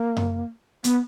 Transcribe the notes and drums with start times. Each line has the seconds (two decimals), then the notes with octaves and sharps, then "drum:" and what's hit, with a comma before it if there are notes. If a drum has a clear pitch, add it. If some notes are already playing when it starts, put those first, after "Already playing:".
Already playing: A#3
0.17 drum: tom F#2
0.84 B3, drum: hi-hat